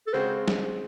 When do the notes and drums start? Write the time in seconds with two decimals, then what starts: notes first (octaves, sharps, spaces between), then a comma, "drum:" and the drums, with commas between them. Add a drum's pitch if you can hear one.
0.07 A4
0.13 C#3 G#3 C4 F#4 C5
0.48 drum: snare